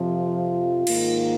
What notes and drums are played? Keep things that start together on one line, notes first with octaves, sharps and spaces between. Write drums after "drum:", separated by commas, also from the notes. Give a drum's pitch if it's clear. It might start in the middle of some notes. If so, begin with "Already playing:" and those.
Already playing: F2 C3 F3 F4
G#2 D#3 A#3, drum: cymbal